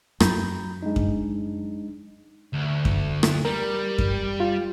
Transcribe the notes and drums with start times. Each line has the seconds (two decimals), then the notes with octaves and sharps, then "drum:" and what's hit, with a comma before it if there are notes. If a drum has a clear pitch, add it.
0.20 F#2 A#5 B5 G6, drum: rim click
0.83 G#3 D4 D#4
0.96 drum: kick F#2
2.53 D2
2.85 drum: kick F#2
3.23 drum: rim click
3.45 G3 A#4
3.98 drum: kick F#2
4.40 F4